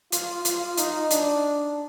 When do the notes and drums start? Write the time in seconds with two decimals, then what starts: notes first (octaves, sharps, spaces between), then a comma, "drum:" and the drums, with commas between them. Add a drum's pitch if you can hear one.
0.12 F4, drum: hi-hat
0.45 F4, drum: hi-hat
0.77 D#4, drum: hi-hat
1.10 D4, drum: hi-hat